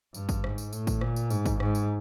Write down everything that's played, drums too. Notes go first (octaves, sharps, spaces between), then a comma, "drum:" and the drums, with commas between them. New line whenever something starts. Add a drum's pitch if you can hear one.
G2, drum: tambourine
drum: kick, tambourine
G#2, drum: rim click
drum: tambourine
A2, drum: tambourine
drum: kick, tambourine
A#2, drum: rim click
drum: tambourine
G#2, drum: tambourine
drum: kick, tambourine
G#2, drum: rim click
drum: tambourine